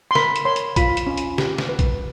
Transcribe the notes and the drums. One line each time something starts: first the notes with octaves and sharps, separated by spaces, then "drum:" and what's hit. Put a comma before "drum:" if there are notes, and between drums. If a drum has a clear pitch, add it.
C6
A#4 B5, drum: snare
drum: hi-hat
C#5 C6
drum: hi-hat
F4 B5, drum: kick, hi-hat
drum: hi-hat
C#4
drum: hi-hat
G4, drum: snare
drum: snare
B4
drum: kick, hi-hat